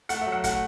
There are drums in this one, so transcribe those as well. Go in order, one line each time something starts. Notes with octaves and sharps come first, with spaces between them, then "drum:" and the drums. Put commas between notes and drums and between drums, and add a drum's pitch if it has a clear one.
A3 F#5, drum: hi-hat
F#3 E5
F#5
A3 F#5, drum: kick, hi-hat